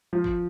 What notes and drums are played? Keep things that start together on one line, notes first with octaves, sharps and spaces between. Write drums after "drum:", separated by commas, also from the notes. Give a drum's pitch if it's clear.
F3
drum: kick